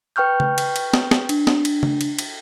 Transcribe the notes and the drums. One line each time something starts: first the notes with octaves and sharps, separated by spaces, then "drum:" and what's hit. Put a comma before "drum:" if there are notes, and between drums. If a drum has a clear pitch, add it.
B4 G5 C#6 F6 G6
drum: tom C#3
drum: cymbal
drum: cymbal
drum: snare
drum: snare
D4, drum: cymbal
drum: snare
drum: cymbal
drum: tom C#3
drum: cymbal
drum: cymbal